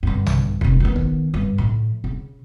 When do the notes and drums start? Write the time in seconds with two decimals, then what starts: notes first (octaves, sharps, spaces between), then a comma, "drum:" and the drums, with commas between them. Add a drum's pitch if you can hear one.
0.03 G2 D3
0.26 drum: tom A#1
0.61 F1 C3, drum: kick
0.80 D#3 B3
0.96 drum: kick
1.34 G2
1.58 A2 F3
2.04 C#3